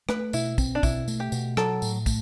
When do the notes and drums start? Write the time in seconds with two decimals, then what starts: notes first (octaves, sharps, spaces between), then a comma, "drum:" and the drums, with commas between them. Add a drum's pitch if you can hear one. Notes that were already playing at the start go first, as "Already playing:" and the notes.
0.09 A3 B4, drum: rim click
0.33 B2 E4, drum: tambourine
0.58 C4, drum: kick, tambourine
0.75 D4
0.83 B2 E4, drum: kick, tambourine
1.08 A3, drum: tambourine
1.20 G4
1.32 B2, drum: tambourine
1.57 F#3 A4, drum: rim click
1.82 A2, drum: tambourine
2.06 A3, drum: kick, tambourine